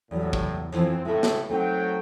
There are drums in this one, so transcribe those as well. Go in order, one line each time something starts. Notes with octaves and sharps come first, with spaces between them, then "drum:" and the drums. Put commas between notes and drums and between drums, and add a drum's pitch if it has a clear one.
E2 A2 F#3 G3
drum: kick
F2 E3 F3 C4
C#2 A2 G#3 A4 E5
drum: snare
F#3 A3 C4 D#4 G5